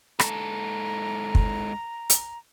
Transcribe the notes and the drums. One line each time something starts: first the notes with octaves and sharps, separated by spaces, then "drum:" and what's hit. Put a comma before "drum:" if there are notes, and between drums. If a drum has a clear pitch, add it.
G#2 A4 A#5, drum: rim click
drum: kick
drum: hi-hat